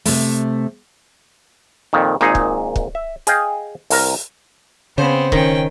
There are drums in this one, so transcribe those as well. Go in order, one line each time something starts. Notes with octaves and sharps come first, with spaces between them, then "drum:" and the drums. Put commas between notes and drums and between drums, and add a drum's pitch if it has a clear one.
C3 A3, drum: open hi-hat
F2 A#2 D#3
G#1 A#2 D#4 G#4, drum: rim click
drum: kick
drum: kick
E5
G#4 D#5 F5 G5, drum: hi-hat
C2 A#4, drum: open hi-hat
C#3 B3 C4 C5
D#3 C#4 G5, drum: kick